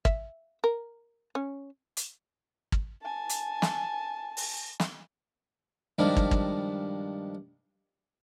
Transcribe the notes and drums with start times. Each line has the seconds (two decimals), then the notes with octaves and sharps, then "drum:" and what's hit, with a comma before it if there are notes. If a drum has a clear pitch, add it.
0.05 E5, drum: kick
0.64 A#4
1.35 C#4
1.97 drum: hi-hat
2.72 drum: kick
3.02 G#5 A5
3.29 drum: hi-hat
3.62 drum: snare
4.37 drum: open hi-hat
4.80 drum: snare
5.98 G2 D#3 F3 G#3 D4 B5
6.17 drum: kick
6.31 drum: kick